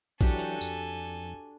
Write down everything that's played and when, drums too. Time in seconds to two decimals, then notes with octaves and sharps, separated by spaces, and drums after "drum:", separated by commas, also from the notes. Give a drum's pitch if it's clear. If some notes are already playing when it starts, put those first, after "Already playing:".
0.21 E3 F#3 D4 F#4 G4 A4 G#5, drum: kick A1
0.39 drum: open hi-hat
0.61 F2, drum: tambourine